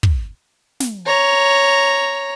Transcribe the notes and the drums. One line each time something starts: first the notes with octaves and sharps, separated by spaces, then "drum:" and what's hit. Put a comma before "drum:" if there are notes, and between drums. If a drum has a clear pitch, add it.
drum: kick
drum: snare
C#5 A#5